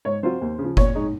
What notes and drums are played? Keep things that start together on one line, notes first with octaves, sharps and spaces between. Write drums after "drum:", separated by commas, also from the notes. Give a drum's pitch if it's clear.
G#2 C#5
F#3 C4 F4 C5
D#2
C#3 F3
A#2 C#5, drum: kick F#1
G#3 D#4